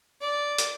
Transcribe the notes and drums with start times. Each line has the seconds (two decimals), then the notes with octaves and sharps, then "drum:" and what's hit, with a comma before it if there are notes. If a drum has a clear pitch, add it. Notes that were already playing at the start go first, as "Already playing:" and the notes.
0.21 D5
0.58 drum: hi-hat